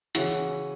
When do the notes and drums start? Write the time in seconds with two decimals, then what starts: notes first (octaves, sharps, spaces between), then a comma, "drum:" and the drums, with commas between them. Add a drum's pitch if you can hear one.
0.15 C#3 E3 F#4, drum: hi-hat